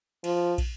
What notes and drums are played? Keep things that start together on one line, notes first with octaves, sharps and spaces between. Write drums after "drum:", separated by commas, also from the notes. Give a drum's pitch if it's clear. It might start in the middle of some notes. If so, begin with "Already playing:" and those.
F3, drum: cymbal
drum: kick, cymbal